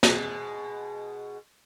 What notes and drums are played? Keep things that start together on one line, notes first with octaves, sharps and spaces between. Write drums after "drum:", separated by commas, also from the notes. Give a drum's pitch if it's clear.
B2 G#3, drum: snare